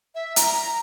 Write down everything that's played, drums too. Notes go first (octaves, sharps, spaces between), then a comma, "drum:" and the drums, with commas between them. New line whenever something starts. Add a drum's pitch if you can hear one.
E5
A#5, drum: hi-hat